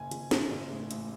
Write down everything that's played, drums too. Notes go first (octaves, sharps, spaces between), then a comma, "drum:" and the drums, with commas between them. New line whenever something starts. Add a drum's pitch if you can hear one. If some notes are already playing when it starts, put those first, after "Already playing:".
Already playing: F#1 G#5
F#1, drum: hi-hat
F#1, drum: snare
F#1
A1
A1, drum: hi-hat